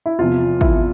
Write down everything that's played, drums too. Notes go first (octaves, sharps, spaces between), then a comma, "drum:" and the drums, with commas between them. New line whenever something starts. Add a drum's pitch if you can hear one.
E4
E2 C3 F3 F4
E4, drum: kick